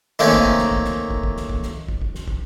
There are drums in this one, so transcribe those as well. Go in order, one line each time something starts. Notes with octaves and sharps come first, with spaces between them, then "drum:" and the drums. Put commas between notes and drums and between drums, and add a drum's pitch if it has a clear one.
D#3 A3 A#3 C4 C#4
drum: kick
drum: kick
drum: snare
drum: kick
drum: snare
drum: kick
drum: kick
drum: snare
drum: kick
drum: snare
drum: kick
drum: kick
drum: snare
drum: kick